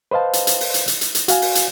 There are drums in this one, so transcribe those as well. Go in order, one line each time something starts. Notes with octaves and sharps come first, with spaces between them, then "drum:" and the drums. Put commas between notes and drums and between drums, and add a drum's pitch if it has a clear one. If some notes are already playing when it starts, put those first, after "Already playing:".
B4 C5 D#5 F5 A5
drum: hi-hat
drum: hi-hat
drum: open hi-hat
drum: hi-hat
drum: hi-hat
drum: hi-hat
drum: hi-hat
F#4 F5 G#5, drum: hi-hat
drum: open hi-hat
drum: hi-hat